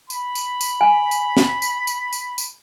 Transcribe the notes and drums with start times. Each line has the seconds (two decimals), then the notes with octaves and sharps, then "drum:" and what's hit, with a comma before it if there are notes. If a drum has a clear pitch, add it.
0.10 B5, drum: tambourine
0.35 drum: tambourine
0.61 drum: tambourine
0.81 G#5
1.11 drum: tambourine
1.37 drum: snare
1.62 drum: tambourine
1.87 drum: tambourine
2.13 drum: tambourine
2.38 drum: tambourine